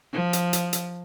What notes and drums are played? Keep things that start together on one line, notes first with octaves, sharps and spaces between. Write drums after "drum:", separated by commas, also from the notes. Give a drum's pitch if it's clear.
F3
drum: hi-hat
drum: hi-hat
drum: hi-hat